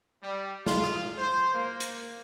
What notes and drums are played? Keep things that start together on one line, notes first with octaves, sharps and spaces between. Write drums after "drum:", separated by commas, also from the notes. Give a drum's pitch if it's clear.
G3
F4, drum: snare
drum: rim click
C5
A#3
drum: hi-hat